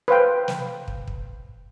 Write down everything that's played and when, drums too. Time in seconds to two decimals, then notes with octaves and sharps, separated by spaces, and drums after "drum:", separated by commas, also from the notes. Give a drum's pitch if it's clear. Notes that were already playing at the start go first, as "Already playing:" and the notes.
0.08 B4 C5 F5 G5
0.48 drum: snare
0.88 drum: kick
1.08 drum: kick